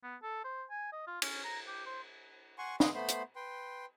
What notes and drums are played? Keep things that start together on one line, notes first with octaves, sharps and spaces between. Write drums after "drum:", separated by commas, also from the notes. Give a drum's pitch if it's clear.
B3
A4
C5
G#5
D#5
F4
C#4, drum: cymbal
A#5
G4
C5
F#5 G#5 C6 C#6
G#4 B4 D#5 F#5 C6 D6, drum: snare
A3 B3 C5 B5 C6
drum: hi-hat
B4 G5 C6